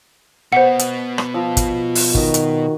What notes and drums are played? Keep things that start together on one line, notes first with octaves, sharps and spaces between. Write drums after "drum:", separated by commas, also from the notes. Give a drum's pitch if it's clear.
B2 B3 C5 F#5
drum: hi-hat
drum: rim click
F3 E6
drum: kick, hi-hat
drum: open hi-hat
D#3 F#4 D#5, drum: kick
drum: hi-hat